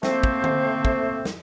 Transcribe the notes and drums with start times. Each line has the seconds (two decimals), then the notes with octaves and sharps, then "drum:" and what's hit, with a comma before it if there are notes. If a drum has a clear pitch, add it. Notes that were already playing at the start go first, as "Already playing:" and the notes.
0.03 A3 A#3 C4 C5, drum: snare
0.23 drum: kick
0.44 drum: tom D3
0.85 drum: kick
1.25 drum: snare